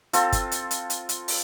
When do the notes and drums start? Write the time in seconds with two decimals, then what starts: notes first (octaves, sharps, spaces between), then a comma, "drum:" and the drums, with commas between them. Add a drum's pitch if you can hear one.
0.13 C4 F4 A4, drum: hi-hat
0.32 drum: kick G1, hi-hat
0.52 drum: hi-hat
0.71 drum: hi-hat
0.90 drum: hi-hat
1.09 drum: hi-hat
1.28 drum: open hi-hat